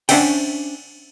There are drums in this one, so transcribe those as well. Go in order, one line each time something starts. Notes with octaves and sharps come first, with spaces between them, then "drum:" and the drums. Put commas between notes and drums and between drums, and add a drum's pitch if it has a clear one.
C#4 D4 C5 E5 F#5 G5, drum: cymbal